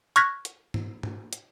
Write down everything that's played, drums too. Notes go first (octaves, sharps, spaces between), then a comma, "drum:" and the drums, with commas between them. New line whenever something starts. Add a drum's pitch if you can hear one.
C#6 F6 F#6 G#6 A#6 B6, drum: hi-hat
drum: hi-hat
drum: tom
drum: tom
drum: hi-hat